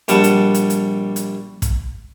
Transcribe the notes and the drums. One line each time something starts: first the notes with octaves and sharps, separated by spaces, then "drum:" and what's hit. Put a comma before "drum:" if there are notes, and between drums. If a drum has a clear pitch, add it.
A#1 G3 F#5 A5, drum: hi-hat
drum: hi-hat
drum: hi-hat
drum: hi-hat
drum: hi-hat
drum: kick, hi-hat